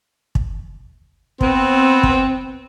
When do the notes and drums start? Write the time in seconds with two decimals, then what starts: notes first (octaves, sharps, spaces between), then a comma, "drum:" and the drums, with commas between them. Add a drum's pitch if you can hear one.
0.35 drum: kick
1.41 B3 C4, drum: kick
2.03 drum: kick